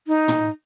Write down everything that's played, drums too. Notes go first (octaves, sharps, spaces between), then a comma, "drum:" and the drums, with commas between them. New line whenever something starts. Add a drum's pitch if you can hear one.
D#4
drum: tom